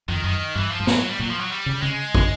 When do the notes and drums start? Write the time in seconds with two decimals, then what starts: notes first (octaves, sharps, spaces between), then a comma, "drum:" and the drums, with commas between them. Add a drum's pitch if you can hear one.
0.08 F2 D#3
0.20 F2
0.24 F#2 D#3
0.55 G2 E3
0.71 F3
0.80 G#2
0.87 A2 F#3, drum: snare
0.98 F#3
1.09 G3
1.19 A#2 F#3
1.30 F3
1.41 F#3
1.51 G3
1.66 C#3
1.82 C#3 G#3
2.15 D3, drum: kick